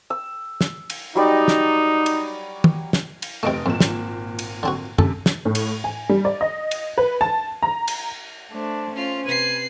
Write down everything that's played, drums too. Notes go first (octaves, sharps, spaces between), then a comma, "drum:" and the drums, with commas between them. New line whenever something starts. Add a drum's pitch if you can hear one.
E6
drum: snare
drum: cymbal
F#3 G3 D#4 D5
drum: snare
drum: cymbal
drum: tom D#3
drum: snare
drum: cymbal
F1 C3 A3 D#5 D7
G#1 F2 A#2 E7
drum: snare
drum: cymbal
D3 C4 F#4
F#2 C3 A4, drum: tom F#2
drum: snare
A2
drum: cymbal
G#5
G3
D5
D#5
drum: cymbal
B4
A5
A#5
drum: cymbal
A3 D4 C5
C#4 F4 C5
C3 B4 G#5 C7